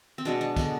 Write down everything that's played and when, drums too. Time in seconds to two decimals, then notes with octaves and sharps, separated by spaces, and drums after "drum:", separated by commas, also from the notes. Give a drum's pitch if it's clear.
0.18 C4
0.25 B2 G#3 B3 D4
0.41 D4
0.56 D3 G#3 B3, drum: kick, tambourine